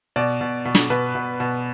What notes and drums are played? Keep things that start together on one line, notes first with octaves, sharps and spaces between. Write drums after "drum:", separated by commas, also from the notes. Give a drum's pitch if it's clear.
B2 D5
B2
B2
drum: snare
B2 B4
B2
B2